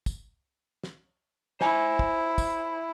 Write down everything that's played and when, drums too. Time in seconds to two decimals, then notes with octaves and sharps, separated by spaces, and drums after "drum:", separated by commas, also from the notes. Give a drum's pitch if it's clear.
0.06 drum: kick, tambourine
0.84 drum: snare
1.61 E4 C5 G#5, drum: snare
1.99 drum: kick
2.38 drum: kick, tambourine